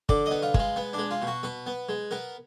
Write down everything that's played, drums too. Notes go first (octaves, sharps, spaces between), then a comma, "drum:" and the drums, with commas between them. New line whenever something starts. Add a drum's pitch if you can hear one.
D3 D5, drum: kick
D#5
B3
F4
G#3, drum: kick
F4
B3
G#3 D4
F4
B2
F#4
B2 B4
B3
G#3
B3 A#4